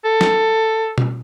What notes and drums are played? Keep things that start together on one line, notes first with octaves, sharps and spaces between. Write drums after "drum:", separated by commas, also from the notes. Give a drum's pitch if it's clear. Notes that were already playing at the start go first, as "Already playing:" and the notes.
A4
drum: snare
drum: tom B2